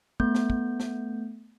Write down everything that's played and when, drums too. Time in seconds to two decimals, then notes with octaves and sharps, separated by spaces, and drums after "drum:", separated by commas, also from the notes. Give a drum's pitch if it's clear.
0.20 A3 B3 G6, drum: kick
0.35 drum: snare
0.50 drum: kick
0.80 drum: snare